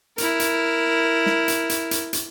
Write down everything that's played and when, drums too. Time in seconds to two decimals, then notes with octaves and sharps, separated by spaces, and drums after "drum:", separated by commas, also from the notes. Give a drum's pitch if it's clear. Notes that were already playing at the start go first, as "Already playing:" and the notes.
0.18 E4 A#4, drum: hi-hat
0.40 drum: hi-hat
1.26 drum: snare
1.48 drum: hi-hat
1.69 drum: hi-hat
1.91 drum: hi-hat
2.13 drum: hi-hat